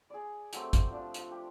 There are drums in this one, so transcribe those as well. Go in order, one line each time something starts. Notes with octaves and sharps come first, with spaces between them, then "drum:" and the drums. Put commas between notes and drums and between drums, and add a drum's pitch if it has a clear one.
G#4 D5
F#3 A3 C4 G4, drum: hi-hat
drum: kick, hi-hat
F3 D4 D5
drum: hi-hat
G4